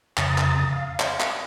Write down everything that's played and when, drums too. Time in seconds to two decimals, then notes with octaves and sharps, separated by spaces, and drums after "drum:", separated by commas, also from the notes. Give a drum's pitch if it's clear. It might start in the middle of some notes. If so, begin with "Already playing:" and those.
0.17 F2 C#3 A#5 D#6 A6, drum: clap
0.38 drum: clap
0.71 F5
1.00 drum: clap
1.20 drum: clap